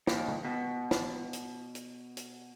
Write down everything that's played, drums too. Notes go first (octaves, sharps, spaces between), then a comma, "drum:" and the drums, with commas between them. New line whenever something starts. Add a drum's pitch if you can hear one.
D#2, drum: snare
drum: tom C#3
B2
drum: snare
drum: hi-hat
drum: hi-hat
drum: hi-hat